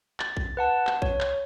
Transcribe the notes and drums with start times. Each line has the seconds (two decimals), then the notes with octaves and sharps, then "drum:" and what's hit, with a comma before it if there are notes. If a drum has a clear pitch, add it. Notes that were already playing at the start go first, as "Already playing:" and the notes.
0.20 A6, drum: clap
0.37 drum: kick
0.57 B4 F#5 A5
0.87 drum: clap
1.02 C#5, drum: kick
1.21 drum: clap